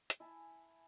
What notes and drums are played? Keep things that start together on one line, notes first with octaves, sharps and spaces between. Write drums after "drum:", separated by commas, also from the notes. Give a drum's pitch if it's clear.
drum: hi-hat
E4 G#5 A5